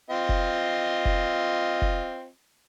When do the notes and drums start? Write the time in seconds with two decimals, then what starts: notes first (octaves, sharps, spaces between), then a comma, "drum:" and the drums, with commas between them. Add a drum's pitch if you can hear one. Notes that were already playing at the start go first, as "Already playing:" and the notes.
0.10 C4 F4 D#5
0.29 drum: kick F1
1.06 drum: kick F1
1.82 drum: kick F1